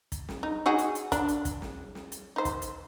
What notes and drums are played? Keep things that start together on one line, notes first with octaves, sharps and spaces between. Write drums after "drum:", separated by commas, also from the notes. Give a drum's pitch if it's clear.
drum: kick, hi-hat
drum: snare
D#4
D#4 F#4 G#4
drum: hi-hat
drum: hi-hat
D4, drum: kick, hi-hat
drum: hi-hat
drum: kick, hi-hat
drum: snare
drum: snare
drum: hi-hat
D#4 C5
drum: kick, hi-hat
drum: hi-hat